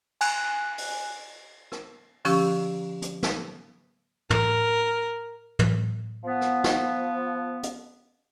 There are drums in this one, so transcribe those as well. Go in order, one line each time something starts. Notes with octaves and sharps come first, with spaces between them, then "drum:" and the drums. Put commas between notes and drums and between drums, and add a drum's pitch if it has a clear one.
G#5 F#6, drum: cymbal
drum: open hi-hat
drum: rim click
D3 F3 C#4 G4 C#6 E6, drum: open hi-hat
drum: hi-hat
drum: snare
A#4, drum: tom
drum: tom
F3 B3
drum: rim click
drum: snare
drum: hi-hat